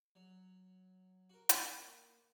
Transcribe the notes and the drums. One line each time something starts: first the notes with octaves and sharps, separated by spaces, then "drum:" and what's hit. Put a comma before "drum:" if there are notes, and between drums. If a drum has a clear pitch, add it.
F#3
F#4 A#4
A#3 B5 D#6, drum: hi-hat